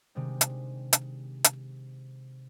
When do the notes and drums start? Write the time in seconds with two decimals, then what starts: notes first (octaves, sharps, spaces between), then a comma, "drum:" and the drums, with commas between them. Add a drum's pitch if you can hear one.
0.15 C3 D#3 G#3 C4 D4
0.41 drum: hi-hat
0.93 drum: hi-hat
1.44 drum: hi-hat